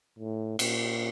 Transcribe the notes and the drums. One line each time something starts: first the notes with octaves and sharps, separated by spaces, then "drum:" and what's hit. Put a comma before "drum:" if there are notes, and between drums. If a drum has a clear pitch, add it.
A2
A#2, drum: cymbal